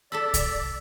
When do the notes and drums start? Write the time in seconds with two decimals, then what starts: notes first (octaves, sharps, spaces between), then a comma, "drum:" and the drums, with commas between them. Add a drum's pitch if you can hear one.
0.12 A4 D5 A5 B5 E6 B6
0.34 drum: kick, hi-hat